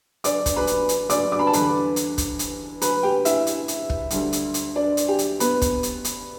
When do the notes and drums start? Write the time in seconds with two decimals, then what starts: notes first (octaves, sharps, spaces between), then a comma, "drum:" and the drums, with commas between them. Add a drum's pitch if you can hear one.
0.24 D5 D6, drum: hi-hat
0.46 drum: kick, hi-hat
0.56 B4 B5
0.67 drum: hi-hat
0.89 drum: hi-hat
1.10 D5 D6, drum: hi-hat
1.32 D6
1.39 B5
1.47 A5
1.53 E2 D3 G3 B4 B5, drum: hi-hat
1.96 drum: hi-hat
2.18 drum: kick, hi-hat
2.39 drum: hi-hat
2.82 B4 B5, drum: hi-hat
3.03 G4 G5
3.25 E4 E5, drum: hi-hat
3.47 drum: hi-hat
3.68 drum: hi-hat
3.90 drum: kick
4.10 D2 D3 G3, drum: hi-hat
4.33 drum: hi-hat
4.54 drum: hi-hat
4.76 D4 D5
4.97 drum: hi-hat
5.08 G4
5.19 drum: hi-hat
5.40 B3 B4, drum: hi-hat
5.62 drum: kick, hi-hat
5.83 drum: hi-hat
6.05 drum: hi-hat